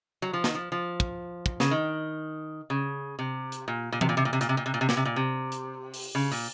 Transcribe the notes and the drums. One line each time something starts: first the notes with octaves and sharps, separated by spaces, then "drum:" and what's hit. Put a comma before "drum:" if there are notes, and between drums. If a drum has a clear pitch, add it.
F#3
F3
D#3, drum: snare
F3
F3
drum: kick
drum: kick
C#3, drum: snare
D#3
C#3
C3
drum: hi-hat
A#2
A#2
C3, drum: tom E3
A#2
C3
A#2
C3
A#2, drum: hi-hat
C3
A#2
C3
A#2
C3
A#2, drum: snare
C3
A#2
C3
drum: hi-hat
drum: open hi-hat
C#3
A#2, drum: open hi-hat